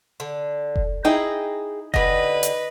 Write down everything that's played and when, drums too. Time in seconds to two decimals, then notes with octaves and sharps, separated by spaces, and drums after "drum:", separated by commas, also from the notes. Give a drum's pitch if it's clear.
0.20 D3
0.76 drum: kick F1
1.05 D#4 E4 G#4 G5 A#5
1.94 D3 G4 B4 D#5, drum: kick F1
2.43 drum: hi-hat